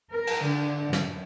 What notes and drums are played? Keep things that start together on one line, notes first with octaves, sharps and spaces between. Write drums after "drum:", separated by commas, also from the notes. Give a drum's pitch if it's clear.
A#4
drum: cymbal
D3
F#2, drum: snare